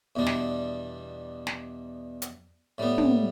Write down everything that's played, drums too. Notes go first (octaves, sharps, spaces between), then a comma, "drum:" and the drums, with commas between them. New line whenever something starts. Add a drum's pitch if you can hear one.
E2 B2 G3 D4
drum: snare
drum: snare
drum: hi-hat
A2 G3 B3
drum: tom